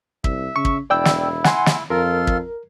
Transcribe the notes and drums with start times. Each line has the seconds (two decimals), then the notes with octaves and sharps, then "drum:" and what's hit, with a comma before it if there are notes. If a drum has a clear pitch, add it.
0.24 C2 E5, drum: kick
0.56 C#3 C#6
0.65 drum: kick
0.90 E1 E4 D5 G5 E6
1.05 drum: snare
1.44 F#5 G#5 C6, drum: snare
1.66 drum: snare
1.90 F2 F4 A4 A#4 C6
2.27 drum: kick